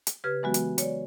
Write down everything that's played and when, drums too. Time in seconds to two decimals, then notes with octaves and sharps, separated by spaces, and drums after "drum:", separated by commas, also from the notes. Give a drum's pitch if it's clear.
0.07 drum: hi-hat
0.24 C#3 G4 B4 F6 G#6
0.43 E3 F#3 G#3 B3 F#4
0.54 drum: hi-hat
0.78 C#5 D5, drum: hi-hat